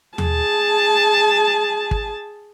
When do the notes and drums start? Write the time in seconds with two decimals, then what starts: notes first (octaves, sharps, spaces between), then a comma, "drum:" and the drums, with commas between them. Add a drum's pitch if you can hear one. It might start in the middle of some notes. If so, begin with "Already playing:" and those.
0.18 G#4 A5, drum: tom D#2
1.91 drum: kick